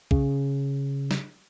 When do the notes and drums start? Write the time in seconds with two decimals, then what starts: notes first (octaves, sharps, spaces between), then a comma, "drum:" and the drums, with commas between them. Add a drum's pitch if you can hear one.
0.11 C#3, drum: kick A#1
1.11 drum: snare